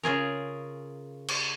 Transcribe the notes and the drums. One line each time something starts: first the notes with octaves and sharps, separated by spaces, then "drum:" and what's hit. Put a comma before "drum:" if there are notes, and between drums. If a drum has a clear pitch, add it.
C#3 F4 G#4 A#4
drum: cymbal